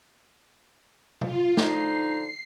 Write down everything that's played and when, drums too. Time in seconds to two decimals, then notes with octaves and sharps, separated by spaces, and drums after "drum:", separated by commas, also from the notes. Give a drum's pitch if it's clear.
1.21 F4, drum: tom C3
1.57 D3 F3 D#4 C7, drum: snare